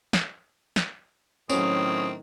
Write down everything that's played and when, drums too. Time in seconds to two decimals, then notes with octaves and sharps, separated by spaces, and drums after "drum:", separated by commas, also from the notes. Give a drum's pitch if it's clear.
0.13 drum: snare
0.76 drum: snare
1.49 A2 D#3 F#3 C4 C#4 D#6, drum: tambourine